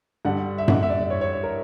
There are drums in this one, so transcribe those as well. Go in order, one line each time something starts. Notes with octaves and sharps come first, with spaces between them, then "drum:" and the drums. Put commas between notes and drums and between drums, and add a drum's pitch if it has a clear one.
G2 D3 G3 F#5
E5
F#5, drum: tom F#2
E5
D5
D5
C#5
C#5
C#5
A#4